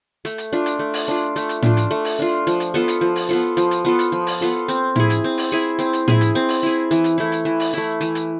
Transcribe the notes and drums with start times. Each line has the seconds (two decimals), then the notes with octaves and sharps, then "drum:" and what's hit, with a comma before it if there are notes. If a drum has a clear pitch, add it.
0.25 A3, drum: hi-hat
0.38 drum: hi-hat
0.53 D4 F4
0.66 drum: hi-hat
0.79 A3
0.94 drum: open hi-hat
1.08 D4 F4
1.36 A3, drum: hi-hat
1.49 drum: hi-hat
1.62 D4 F4, drum: tom A2
1.77 drum: hi-hat
1.91 A3
2.05 drum: open hi-hat
2.19 D4 F4
2.47 F3, drum: hi-hat
2.60 drum: hi-hat
2.74 B3 F4 A4
2.88 drum: hi-hat
3.01 F3
3.16 drum: open hi-hat
3.29 B3 F4 A4
3.57 F3, drum: hi-hat
3.71 drum: hi-hat
3.85 B3 F4 A4
3.99 drum: hi-hat
4.12 F3
4.27 drum: open hi-hat
4.41 B3 F4 A4
4.68 C4, drum: hi-hat
4.96 E4 G#4, drum: tom A2
5.10 drum: hi-hat
5.24 C4
5.38 drum: open hi-hat
5.52 E4 G#4
5.79 C4, drum: hi-hat
5.93 drum: hi-hat
6.08 E4 G#4, drum: tom A2
6.21 drum: hi-hat
6.35 C4
6.49 drum: open hi-hat
6.63 E4 G#4
6.91 E3, drum: hi-hat
7.04 drum: hi-hat
7.18 A3 E4
7.32 drum: hi-hat
7.45 E3
7.60 drum: open hi-hat
7.74 A3 E4
8.01 E3, drum: hi-hat
8.15 drum: hi-hat